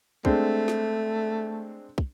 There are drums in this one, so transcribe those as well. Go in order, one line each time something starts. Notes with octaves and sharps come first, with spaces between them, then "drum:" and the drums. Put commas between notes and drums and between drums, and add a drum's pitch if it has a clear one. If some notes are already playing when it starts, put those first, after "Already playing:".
G#3 A3 C4 D4, drum: kick
drum: snare
drum: kick